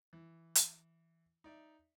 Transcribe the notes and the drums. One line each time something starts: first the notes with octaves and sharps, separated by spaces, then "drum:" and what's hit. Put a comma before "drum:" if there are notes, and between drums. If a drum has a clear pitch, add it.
E3
drum: hi-hat
D#4 D5 E5